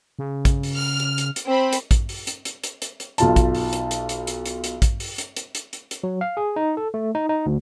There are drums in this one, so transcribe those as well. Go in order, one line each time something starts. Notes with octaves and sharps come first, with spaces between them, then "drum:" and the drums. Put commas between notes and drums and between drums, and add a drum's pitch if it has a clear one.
C#3
drum: kick, hi-hat
drum: open hi-hat
F6
drum: hi-hat
drum: hi-hat
drum: hi-hat
C4 B5
drum: hi-hat
drum: kick, hi-hat
drum: open hi-hat
drum: hi-hat
drum: hi-hat
drum: hi-hat
drum: hi-hat
drum: hi-hat
B1 F4 A5, drum: hi-hat
drum: kick, hi-hat
drum: open hi-hat
drum: hi-hat
drum: hi-hat
drum: hi-hat
drum: hi-hat
drum: hi-hat
drum: hi-hat
drum: kick, hi-hat
drum: open hi-hat
drum: hi-hat
drum: hi-hat
drum: hi-hat
drum: hi-hat
drum: hi-hat
F#3
F5
G#4
D#4
A4
A3
D#4
D#4
D2